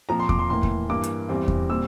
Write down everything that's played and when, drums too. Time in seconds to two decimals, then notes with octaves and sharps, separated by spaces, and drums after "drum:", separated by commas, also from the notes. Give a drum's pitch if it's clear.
0.09 A#2 F3 C4 A#5
0.20 C6
0.29 D6, drum: kick E2
0.39 C6
0.50 A2 E3 A#3 C6
0.63 drum: kick E2
0.89 G2 E3 A#3 D6
1.04 drum: hi-hat
1.29 E2 E3 G3 C4
1.48 drum: kick E2
1.70 A#2 G3 C4 E6